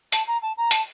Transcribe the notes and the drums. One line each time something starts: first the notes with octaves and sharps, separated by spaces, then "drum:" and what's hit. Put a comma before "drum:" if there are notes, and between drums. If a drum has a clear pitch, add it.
A5, drum: hi-hat
A#5
A5
A#5
A5, drum: hi-hat